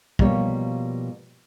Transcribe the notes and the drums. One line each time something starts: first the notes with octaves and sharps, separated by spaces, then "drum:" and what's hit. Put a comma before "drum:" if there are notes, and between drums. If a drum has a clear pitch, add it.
B2 F3 G3 A#3 G4 C#5, drum: kick